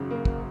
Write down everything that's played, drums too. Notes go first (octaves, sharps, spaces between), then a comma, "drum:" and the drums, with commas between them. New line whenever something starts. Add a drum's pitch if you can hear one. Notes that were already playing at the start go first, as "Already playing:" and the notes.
Already playing: G#1 F#2 C#3
A#3
drum: kick